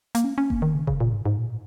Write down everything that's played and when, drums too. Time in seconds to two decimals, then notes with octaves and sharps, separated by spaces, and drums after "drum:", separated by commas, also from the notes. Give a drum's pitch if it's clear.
0.15 A#3, drum: hi-hat
0.24 C#4
0.38 C#4
0.50 A#3, drum: kick F#1
0.62 D#3
0.75 C#3
0.87 C#3, drum: kick F#1
1.00 A#2
1.12 G#2
1.25 G#2
1.38 A#2